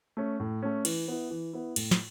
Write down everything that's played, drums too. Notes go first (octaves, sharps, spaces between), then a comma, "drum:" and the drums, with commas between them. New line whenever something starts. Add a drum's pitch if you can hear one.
A3 C#4
A2
A3 C#4
E3, drum: cymbal
B3 E4
E3
B3 E4
A2, drum: cymbal
drum: snare